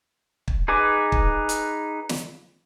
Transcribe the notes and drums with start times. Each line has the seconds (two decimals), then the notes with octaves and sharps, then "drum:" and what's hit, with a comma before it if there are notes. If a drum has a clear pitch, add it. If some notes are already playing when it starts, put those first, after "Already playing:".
0.48 drum: kick
0.68 D#4 G#4 B4 G#5 D6
1.12 drum: kick
1.49 drum: hi-hat
2.09 drum: snare